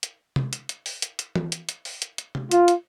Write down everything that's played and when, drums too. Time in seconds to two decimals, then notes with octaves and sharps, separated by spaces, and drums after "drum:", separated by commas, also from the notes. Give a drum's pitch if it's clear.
0.03 drum: hi-hat
0.36 drum: tom C3
0.53 drum: hi-hat
0.69 drum: hi-hat
0.86 drum: open hi-hat
1.02 drum: hi-hat
1.19 drum: hi-hat
1.35 drum: tom E3
1.52 drum: hi-hat
1.69 drum: hi-hat
1.85 drum: open hi-hat
2.02 drum: hi-hat
2.18 drum: hi-hat
2.35 drum: tom C3
2.51 F4, drum: hi-hat
2.68 drum: hi-hat